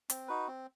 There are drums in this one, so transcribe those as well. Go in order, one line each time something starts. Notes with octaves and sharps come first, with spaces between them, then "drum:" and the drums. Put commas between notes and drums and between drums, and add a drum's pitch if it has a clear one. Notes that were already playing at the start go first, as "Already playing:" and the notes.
C4, drum: hi-hat
D#4 F#4 B4
C4